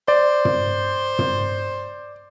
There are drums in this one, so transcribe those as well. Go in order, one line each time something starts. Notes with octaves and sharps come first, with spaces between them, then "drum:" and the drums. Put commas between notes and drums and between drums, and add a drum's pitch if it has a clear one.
C5 D5
drum: tom
drum: tom